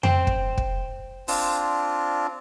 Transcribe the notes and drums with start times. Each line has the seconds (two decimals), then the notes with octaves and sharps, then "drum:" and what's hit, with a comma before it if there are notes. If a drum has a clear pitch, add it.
0.03 C5 G5, drum: tom F2
0.27 drum: kick
0.57 drum: kick
1.28 C4 D4 F4, drum: open hi-hat